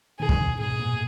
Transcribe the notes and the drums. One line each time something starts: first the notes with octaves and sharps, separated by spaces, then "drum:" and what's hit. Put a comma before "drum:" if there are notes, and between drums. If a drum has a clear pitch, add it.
B2 D#3 G#4
drum: kick
B2 D#3
G#2 B2 G#4
F#2 A#2